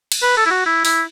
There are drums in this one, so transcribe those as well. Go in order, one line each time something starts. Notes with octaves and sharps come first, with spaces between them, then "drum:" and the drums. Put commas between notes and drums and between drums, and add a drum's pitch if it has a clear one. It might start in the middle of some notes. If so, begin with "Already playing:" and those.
drum: cymbal
B4
A4
E4
F#4
E4
E4, drum: open hi-hat